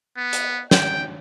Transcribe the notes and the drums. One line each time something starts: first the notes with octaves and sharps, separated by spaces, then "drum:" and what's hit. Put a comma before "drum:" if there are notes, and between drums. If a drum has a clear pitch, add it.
B3
drum: hi-hat
G5, drum: snare